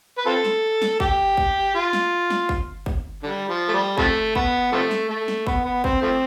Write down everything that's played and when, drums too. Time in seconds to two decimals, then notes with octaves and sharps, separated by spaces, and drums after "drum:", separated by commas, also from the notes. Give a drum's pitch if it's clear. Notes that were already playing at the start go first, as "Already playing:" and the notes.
0.18 B4
0.26 C4 F4 A4
0.44 drum: snare
0.82 drum: snare
1.00 G4, drum: kick
1.37 drum: kick
1.75 F4
1.93 drum: snare
2.30 drum: snare
2.49 drum: kick
2.86 drum: kick
3.23 D3 G3
3.49 F3
3.68 A3
3.73 G3
3.98 C3 F3 A3, drum: kick
4.35 B3, drum: kick
4.72 C3 F3 A3
4.91 drum: snare
5.10 A3
5.28 drum: snare
5.47 B3, drum: kick
5.65 B3
5.84 C4, drum: kick
6.02 F3 A3 C4